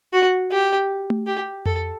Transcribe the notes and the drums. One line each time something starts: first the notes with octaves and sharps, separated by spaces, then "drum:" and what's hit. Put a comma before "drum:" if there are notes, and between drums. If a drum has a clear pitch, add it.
F#4
G4
drum: tom A3
G4
A4, drum: tom F2